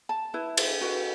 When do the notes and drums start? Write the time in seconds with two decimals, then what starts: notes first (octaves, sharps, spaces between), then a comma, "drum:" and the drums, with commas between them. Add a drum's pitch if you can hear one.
0.09 A5
0.34 E4 B4
0.57 drum: cymbal
0.81 F#4 B4